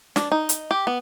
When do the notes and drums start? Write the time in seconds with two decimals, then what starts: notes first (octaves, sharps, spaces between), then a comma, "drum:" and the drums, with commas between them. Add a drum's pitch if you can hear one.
0.16 D4, drum: snare
0.32 D#4
0.49 drum: hi-hat
0.71 G4
0.87 B3